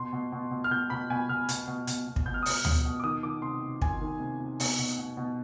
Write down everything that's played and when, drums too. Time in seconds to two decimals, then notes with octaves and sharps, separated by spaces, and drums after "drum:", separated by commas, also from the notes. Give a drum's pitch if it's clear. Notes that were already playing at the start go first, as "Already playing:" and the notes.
Already playing: B2 C6
0.13 B2
0.32 B2
0.51 B2
0.64 F6
0.71 B2 G6
0.90 B2 B5
1.10 B2 G#5
1.29 B2 F6
1.49 B2, drum: hi-hat
1.67 B2
1.87 B2, drum: hi-hat
2.07 B2
2.16 drum: kick
2.26 B2 G6
2.34 F6
2.43 D#6
2.46 B2 F6, drum: open hi-hat
2.65 B2, drum: tom D2
2.85 B2
3.00 D6
3.04 D#3 D#6
3.23 D#3 D6
3.42 C3 C6
3.62 C3
3.82 D#3 G#5, drum: kick
4.01 D#3
4.20 C3
4.40 C3
4.60 B2, drum: open hi-hat
4.79 B2
4.98 B2
5.17 B2